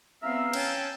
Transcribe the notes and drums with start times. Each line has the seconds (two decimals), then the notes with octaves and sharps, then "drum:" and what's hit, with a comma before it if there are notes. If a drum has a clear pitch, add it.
0.22 E2 B3 C4 E5 F5 A#5 E6 F6
0.53 C#4 G5 A5, drum: cymbal